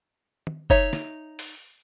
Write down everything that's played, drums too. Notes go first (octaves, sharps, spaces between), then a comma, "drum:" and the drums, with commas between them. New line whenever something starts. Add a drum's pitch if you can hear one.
drum: tom
D#4 C#5 E5, drum: kick F#1
drum: snare
drum: open hi-hat